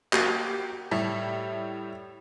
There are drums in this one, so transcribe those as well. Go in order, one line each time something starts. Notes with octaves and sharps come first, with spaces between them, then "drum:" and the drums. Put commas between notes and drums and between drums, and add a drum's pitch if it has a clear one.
A#3 F#4 G4, drum: clap
A2 G3 E4